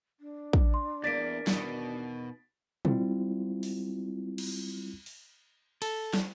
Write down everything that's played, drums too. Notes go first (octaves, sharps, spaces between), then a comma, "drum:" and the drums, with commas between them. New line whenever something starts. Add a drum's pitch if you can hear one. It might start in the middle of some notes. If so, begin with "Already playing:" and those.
D4
drum: kick
C6
E2 A#3 D5 A6 B6 D7
E2 B2 D#3, drum: snare
G3 C4 E4 F4, drum: tom
drum: open hi-hat
drum: cymbal
drum: open hi-hat
A4, drum: cymbal
drum: snare